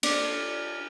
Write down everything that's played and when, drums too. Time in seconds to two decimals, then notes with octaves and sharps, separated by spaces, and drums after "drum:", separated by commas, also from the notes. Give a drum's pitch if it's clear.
0.03 D4 D5, drum: cymbal